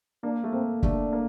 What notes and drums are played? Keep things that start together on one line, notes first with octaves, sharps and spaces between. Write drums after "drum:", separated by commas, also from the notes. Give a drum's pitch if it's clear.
A#3 D4
A3
A#3 C4
A3 D4, drum: kick
A#3